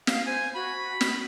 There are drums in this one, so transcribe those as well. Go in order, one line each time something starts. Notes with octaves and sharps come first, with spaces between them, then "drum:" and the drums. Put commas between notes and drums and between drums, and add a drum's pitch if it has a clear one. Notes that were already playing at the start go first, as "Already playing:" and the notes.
F5, drum: snare
C5 G#5
F#4 B5
drum: snare